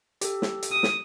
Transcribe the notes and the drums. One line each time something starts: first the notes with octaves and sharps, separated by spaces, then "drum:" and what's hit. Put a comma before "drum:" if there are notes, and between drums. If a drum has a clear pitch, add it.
G4 A4, drum: hi-hat
drum: snare
drum: hi-hat
D#6
drum: snare